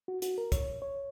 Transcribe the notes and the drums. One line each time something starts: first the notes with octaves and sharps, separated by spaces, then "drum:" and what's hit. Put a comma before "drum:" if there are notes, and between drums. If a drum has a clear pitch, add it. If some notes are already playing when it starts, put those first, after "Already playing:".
F#4
F#4, drum: hi-hat
A#4
C#5, drum: kick, hi-hat
C#5